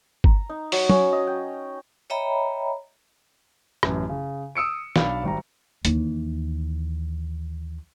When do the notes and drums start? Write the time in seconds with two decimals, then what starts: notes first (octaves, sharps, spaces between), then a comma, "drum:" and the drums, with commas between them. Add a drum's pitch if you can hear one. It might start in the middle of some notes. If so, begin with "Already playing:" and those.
0.24 A#5, drum: kick G1
0.50 D#4
0.72 F#3, drum: open hi-hat
0.89 C#4, drum: tom
1.13 D#5
1.27 G5
2.10 C#5 D#5 E5 G5 A#5 B5
3.83 A1 F#2, drum: rim click
4.09 C#3
4.55 D#6 E6 C#7 D7
4.96 B1 D4 D5 F5 B5, drum: snare
5.23 G#1 G3 A#5
5.85 D#2 E3, drum: hi-hat